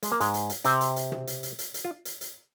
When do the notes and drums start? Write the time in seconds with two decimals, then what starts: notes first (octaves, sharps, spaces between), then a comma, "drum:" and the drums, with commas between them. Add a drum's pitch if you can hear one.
0.03 G#3, drum: hi-hat
0.12 A#3
0.20 G#2 G#3, drum: hi-hat
0.34 drum: hi-hat
0.49 drum: hi-hat
0.64 C3 C4, drum: hi-hat
0.81 drum: hi-hat
0.96 drum: hi-hat
1.12 drum: tom
1.27 drum: hi-hat
1.43 drum: hi-hat
1.59 drum: hi-hat
1.74 drum: hi-hat
1.85 F4
2.05 drum: hi-hat
2.21 drum: hi-hat